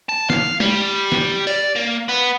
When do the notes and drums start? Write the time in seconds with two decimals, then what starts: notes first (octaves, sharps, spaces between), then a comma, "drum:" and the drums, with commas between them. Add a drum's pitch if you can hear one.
0.09 A5
0.30 F5, drum: snare
0.60 G3, drum: tom
1.12 drum: snare
1.47 D5, drum: open hi-hat
1.76 A#3
2.09 B3